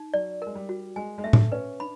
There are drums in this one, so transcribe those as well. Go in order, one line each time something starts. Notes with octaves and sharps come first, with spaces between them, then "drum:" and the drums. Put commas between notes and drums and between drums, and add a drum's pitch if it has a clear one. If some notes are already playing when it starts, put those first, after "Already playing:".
Already playing: D#4
F#3 D5
G#3 A#4
G3
F#4
G#3 G#5
G#3
A3 E5
drum: tom A2
C#4 B4
D4 B5